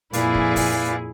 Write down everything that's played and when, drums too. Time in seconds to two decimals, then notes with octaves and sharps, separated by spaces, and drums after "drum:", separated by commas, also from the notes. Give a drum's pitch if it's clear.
0.13 F2 A#2 E4 G#4 B4 D5 F5, drum: hi-hat
0.35 drum: kick
0.56 drum: kick, open hi-hat